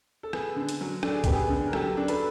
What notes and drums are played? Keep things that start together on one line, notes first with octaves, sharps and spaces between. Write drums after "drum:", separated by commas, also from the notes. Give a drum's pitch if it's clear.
A4
B3 G#4, drum: rim click
D3
drum: hi-hat
F#3
D4 A4, drum: rim click
G#4
B3 G4, drum: kick C2, hi-hat
G#4
D3
A#4
F#3 G4 A4, drum: rim click
D4
A4 B4, drum: hi-hat